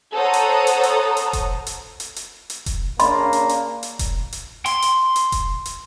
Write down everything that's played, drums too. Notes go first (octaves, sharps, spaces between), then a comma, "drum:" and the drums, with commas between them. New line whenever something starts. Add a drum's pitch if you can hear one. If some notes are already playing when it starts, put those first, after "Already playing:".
A4 C5 C#5 F#5 A#5 D#6
drum: hi-hat
drum: hi-hat
drum: hi-hat
drum: hi-hat
drum: kick E1, hi-hat
drum: hi-hat
drum: hi-hat
drum: hi-hat
drum: hi-hat
drum: kick E1, hi-hat
C#3 A#3 D4 D#5 B5 C6, drum: hi-hat
drum: hi-hat
drum: hi-hat
drum: hi-hat
drum: kick E1, hi-hat
drum: hi-hat
C6, drum: hi-hat
drum: hi-hat
drum: hi-hat
drum: kick E1, hi-hat
drum: hi-hat